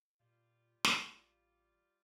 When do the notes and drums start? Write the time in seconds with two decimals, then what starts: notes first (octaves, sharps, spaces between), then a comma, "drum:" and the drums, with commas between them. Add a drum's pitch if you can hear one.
0.20 A#2 G3 F4
0.84 A1, drum: snare